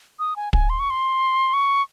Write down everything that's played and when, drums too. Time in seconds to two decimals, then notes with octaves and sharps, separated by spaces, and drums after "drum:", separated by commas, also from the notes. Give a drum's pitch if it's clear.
0.19 D#6
0.36 G#5
0.53 G#5, drum: kick
0.70 C6
0.79 C#6
0.90 C6
1.53 C#6